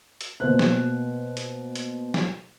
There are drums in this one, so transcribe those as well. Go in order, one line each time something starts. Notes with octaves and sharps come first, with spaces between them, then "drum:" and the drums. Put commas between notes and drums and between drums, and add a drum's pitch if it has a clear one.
drum: hi-hat
B2 A#3 C5 F#6
drum: snare
drum: hi-hat
drum: hi-hat
drum: snare